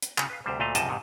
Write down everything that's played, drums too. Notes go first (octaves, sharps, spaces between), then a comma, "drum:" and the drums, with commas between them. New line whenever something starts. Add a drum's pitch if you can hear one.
drum: hi-hat
C#3 F#4, drum: clap
B4 F5
D2 C3 G3 C5
D2 A#2 A3 D#5 F5
C#2 F#2 C3 F3 D#5 A5, drum: hi-hat
G#2 C3 D#3